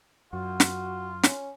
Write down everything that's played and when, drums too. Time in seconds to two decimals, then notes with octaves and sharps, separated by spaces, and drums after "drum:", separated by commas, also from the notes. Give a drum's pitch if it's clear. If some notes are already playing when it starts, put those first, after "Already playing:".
0.33 F#2 F4 F#4
0.60 drum: snare
1.23 C#4, drum: snare